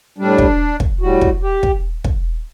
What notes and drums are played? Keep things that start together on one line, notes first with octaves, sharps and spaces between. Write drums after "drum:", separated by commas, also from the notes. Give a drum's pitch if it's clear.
A2 G3 D4
drum: kick
drum: kick
A2 G3 F#4
drum: kick
G4
drum: kick
drum: kick